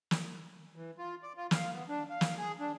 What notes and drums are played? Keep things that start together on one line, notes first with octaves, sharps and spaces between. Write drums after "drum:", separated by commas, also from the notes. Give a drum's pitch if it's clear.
drum: snare
E3
F4
D5
F4
F5, drum: snare
B3
D4
F5
drum: snare
G#4
D4